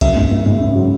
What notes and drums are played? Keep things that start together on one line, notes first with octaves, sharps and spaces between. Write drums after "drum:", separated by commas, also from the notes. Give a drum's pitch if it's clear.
F#2 E5, drum: kick C2, cymbal
G#1
G#1
G#1, drum: tom F#2
C#3
F#3